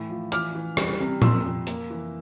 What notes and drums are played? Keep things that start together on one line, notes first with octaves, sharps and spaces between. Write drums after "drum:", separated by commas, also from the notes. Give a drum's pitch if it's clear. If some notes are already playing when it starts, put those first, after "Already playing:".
Already playing: A2 E3
F3
E3 D6 F6, drum: hi-hat
E3
G3, drum: rim click
C3
F2 C6 E6, drum: tom A#2
F2
A#3, drum: hi-hat
E3